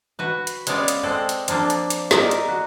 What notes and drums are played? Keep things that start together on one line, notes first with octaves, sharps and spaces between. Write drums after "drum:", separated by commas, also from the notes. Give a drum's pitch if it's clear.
F#4 B4
drum: hi-hat
G#3 B3 C#4 D5 E5 F5, drum: hi-hat
drum: hi-hat
G#3 C4 A4 D5 F#5
drum: hi-hat
F3 A#3 D4 F4 A4, drum: hi-hat
drum: hi-hat
drum: hi-hat
D#4 A#4 D5 E5, drum: snare
drum: hi-hat
F#4